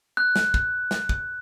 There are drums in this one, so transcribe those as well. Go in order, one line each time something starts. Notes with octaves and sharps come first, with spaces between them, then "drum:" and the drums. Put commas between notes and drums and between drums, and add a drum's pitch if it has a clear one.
F#6
drum: snare
drum: kick
drum: snare
drum: kick